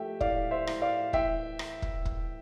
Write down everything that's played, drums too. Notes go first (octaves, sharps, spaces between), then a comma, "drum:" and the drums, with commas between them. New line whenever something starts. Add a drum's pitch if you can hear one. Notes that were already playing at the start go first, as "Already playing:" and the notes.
Already playing: F3 A3 G4 E5 G5
A2 D5 F5, drum: kick
C5 E5
A2, drum: rim click
D5 F5
E3 E5 G5, drum: kick
drum: rim click
drum: kick
drum: kick